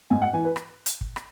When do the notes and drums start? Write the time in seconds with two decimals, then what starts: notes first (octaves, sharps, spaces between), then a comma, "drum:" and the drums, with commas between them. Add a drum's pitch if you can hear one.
0.10 G#2 G#5
0.22 F#5
0.33 E3 G#5
0.45 B4
0.56 drum: rim click
0.86 drum: hi-hat
1.01 drum: kick
1.16 drum: rim click